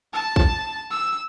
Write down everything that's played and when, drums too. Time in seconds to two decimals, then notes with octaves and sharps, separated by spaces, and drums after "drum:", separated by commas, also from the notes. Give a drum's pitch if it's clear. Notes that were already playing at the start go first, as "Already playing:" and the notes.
0.13 A5
0.36 drum: kick
0.91 E6